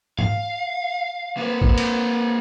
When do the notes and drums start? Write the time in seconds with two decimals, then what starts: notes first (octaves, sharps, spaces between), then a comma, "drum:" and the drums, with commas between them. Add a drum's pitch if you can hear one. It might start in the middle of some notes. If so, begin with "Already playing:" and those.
0.19 F5, drum: tom G#2
1.37 A#3 B4
1.62 drum: kick
1.78 drum: cymbal